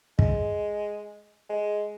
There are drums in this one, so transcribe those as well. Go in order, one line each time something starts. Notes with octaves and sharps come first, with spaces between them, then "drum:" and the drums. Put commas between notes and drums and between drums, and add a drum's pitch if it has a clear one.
G#3, drum: kick
G#3